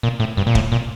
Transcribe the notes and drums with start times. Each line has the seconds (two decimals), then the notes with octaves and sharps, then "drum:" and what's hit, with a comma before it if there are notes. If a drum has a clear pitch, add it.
0.03 A#2
0.20 A2
0.37 G2
0.47 A#2
0.55 A2, drum: kick
0.72 A#2